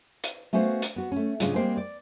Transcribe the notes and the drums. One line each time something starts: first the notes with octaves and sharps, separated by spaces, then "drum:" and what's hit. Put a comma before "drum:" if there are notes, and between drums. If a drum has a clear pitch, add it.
drum: hi-hat
A3 B3 C#4 F#4 C5 F5
drum: hi-hat
B3 F#4
A3 C#4
G#2 C#3 G#3 C#4 D4 F4, drum: hi-hat
G3 G#3 A#3 C4 C5
D5